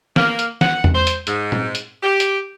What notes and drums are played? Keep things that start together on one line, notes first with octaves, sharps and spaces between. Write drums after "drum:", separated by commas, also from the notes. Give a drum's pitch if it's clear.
A#3, drum: snare
drum: hi-hat
F#5, drum: snare
drum: tom E2
C5
drum: hi-hat
G#2, drum: hi-hat
drum: tom
drum: hi-hat
G4
drum: hi-hat